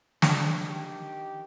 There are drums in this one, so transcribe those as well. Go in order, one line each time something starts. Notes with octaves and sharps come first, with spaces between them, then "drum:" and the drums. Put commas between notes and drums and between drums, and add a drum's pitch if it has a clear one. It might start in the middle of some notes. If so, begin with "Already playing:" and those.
D4, drum: snare
D#3 G4